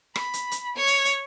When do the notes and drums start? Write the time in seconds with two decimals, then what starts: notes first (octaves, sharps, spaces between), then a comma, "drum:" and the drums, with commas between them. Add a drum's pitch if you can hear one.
0.16 B5, drum: rim click
0.33 drum: hi-hat
0.51 drum: hi-hat
0.77 C#5
0.87 drum: hi-hat
1.05 drum: hi-hat